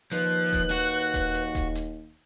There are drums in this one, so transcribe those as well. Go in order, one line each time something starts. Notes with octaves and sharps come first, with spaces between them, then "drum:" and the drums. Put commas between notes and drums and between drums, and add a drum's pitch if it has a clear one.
D#2 F3 B4 F#6, drum: hi-hat
drum: kick D#1, hi-hat
F#4, drum: hi-hat
drum: open hi-hat
drum: kick D#1, hi-hat
drum: hi-hat
drum: kick D#1, hi-hat
drum: hi-hat